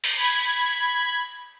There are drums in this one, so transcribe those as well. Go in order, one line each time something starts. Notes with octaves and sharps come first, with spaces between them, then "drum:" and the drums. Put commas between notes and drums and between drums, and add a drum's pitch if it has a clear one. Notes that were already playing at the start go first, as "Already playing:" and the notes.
drum: cymbal
B5 G#6